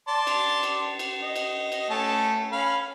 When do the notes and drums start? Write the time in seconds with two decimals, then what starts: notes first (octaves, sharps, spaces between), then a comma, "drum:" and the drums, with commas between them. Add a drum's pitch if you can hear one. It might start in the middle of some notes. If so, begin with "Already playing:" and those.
0.08 D5 A5 C6
0.27 drum: cymbal
0.63 drum: cymbal
0.99 drum: cymbal
1.23 D#5
1.36 drum: cymbal
1.72 drum: cymbal
1.90 A3 C#4 A5
2.52 C#4 F5 B5